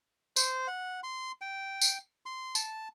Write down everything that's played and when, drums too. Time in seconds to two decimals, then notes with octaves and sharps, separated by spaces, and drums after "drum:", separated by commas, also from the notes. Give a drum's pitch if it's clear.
0.36 C5, drum: tambourine
0.67 F#5
1.03 C6
1.41 G5
1.81 drum: tambourine
2.26 C6
2.55 A5, drum: tambourine